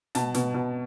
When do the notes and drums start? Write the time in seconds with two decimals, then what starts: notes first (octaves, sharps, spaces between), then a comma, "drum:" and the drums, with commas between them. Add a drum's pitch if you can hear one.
0.15 B2 A5, drum: snare
0.34 B2, drum: snare
0.54 B2